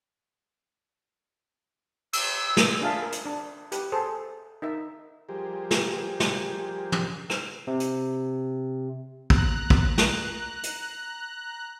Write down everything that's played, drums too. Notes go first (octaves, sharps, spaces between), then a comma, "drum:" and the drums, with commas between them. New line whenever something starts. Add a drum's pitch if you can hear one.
E6, drum: cymbal
drum: snare
D4 F4 G#4 E5 F5 A5
A#4
drum: hi-hat
D4
G4 B4, drum: hi-hat
G#4 A4 C5
D#4 A#4 E5
F3 G3 G4 G#4 A#4 C5
drum: snare
drum: snare
drum: tom
drum: rim click
C3
drum: hi-hat
A#5 F#6, drum: kick
drum: kick
drum: snare
drum: hi-hat